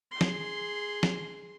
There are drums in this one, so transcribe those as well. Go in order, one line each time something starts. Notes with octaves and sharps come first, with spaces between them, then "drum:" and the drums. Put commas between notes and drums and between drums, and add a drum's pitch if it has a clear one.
G#4 C6
drum: snare
drum: snare